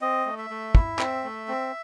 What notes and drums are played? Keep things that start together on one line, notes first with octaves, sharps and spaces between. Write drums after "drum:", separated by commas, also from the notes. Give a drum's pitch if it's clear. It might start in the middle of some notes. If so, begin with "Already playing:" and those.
C4 D#5
A3
E5
A3
E4, drum: kick
C4, drum: clap
A3
C4